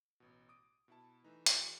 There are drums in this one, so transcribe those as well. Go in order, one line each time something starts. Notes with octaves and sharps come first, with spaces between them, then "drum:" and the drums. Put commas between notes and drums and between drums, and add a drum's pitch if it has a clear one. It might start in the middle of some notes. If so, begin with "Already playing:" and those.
A1 B2
D6 D#6 D7
B2 E4 A5
E3 A3 D#4
drum: hi-hat
F#4 G#4